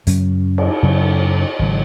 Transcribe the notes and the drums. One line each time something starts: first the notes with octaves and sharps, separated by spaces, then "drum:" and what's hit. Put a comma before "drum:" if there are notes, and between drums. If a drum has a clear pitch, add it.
F#2 C#3 F#3 C#4, drum: hi-hat
drum: cymbal
F#2 C#3 F#3 C#4
G#1 C#3 F#3